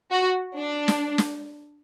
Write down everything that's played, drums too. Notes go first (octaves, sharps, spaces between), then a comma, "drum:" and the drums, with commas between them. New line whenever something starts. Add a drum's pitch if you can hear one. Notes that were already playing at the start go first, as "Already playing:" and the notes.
F#4
D4
drum: snare
drum: snare